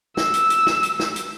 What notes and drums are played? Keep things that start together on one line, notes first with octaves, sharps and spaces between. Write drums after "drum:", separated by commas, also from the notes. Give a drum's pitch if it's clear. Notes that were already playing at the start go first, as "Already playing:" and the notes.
E6, drum: snare
drum: hi-hat
drum: hi-hat
drum: snare
drum: hi-hat
drum: snare
drum: hi-hat